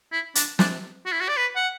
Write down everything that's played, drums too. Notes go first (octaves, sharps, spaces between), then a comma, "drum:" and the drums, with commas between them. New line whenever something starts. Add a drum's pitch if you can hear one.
E4
D4, drum: hi-hat
D4, drum: snare
F#4
E4
F#4
D5
B4
F#5